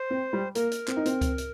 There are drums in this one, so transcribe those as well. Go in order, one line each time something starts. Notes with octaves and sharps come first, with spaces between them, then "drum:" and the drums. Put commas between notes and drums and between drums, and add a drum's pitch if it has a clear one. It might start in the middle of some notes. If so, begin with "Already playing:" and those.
Already playing: C5
C4
G3
A#3 A#4, drum: hi-hat
drum: hi-hat
C4, drum: clap
D#4
C4, drum: hi-hat
drum: kick C#2, hi-hat
drum: hi-hat